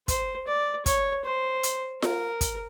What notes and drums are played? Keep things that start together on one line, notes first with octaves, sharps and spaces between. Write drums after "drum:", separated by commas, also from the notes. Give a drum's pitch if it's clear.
C5, drum: kick, hi-hat
D5
C#5, drum: kick, hi-hat
C5
drum: hi-hat
A#4, drum: snare F4
drum: kick, hi-hat